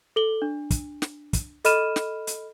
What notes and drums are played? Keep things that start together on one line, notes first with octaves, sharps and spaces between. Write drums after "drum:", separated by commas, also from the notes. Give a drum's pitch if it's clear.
A4 F#7 G7
D4
drum: kick, hi-hat
drum: snare
drum: kick, hi-hat
A4 D#5 B5 F6 D#7 E7, drum: hi-hat
drum: snare
drum: hi-hat